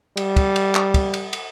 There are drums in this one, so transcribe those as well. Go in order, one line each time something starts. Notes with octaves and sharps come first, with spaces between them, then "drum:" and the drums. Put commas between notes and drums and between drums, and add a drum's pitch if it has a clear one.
G3, drum: cymbal
drum: kick, cymbal
drum: cymbal
drum: clap
drum: kick, cymbal
drum: cymbal
drum: cymbal